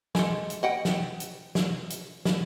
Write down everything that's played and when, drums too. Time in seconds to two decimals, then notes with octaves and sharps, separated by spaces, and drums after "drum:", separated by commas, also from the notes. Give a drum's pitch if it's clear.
0.15 G#3 A4, drum: snare
0.50 drum: hi-hat
0.63 D#5 F#5 G5
0.85 drum: snare
1.20 drum: hi-hat
1.55 drum: snare
1.90 drum: hi-hat
2.25 drum: snare